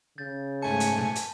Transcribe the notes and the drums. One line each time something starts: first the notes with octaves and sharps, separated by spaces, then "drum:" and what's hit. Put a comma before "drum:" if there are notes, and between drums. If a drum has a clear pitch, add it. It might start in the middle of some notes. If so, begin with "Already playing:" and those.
C#3 G6 A6
G#2 A3 G#5 A5 C#7
drum: hi-hat
drum: snare
drum: hi-hat